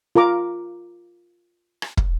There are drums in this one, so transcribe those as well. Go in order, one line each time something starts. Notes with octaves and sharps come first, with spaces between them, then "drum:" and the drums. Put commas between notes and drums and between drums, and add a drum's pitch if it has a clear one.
F4 A#4 A#5 D6
drum: rim click
drum: kick